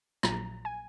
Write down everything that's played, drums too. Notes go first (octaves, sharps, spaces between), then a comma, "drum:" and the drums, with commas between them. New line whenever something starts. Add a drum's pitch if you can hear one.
A#1 A#2 F#3 A#5, drum: rim click
G#5